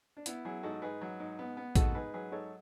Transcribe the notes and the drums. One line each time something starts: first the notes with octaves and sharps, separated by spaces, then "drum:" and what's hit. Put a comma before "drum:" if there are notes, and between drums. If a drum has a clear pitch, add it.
D4
B3 E4, drum: hi-hat
F#3 E4 G#4
G#2 F#4 A4
G#2 G#4 B4
F#3
G#2
B3
B3
G#2 F#4 A4, drum: kick A1, hi-hat
G#2 G#4 B4
F#3 G#4 B4
G#2 A4 C#5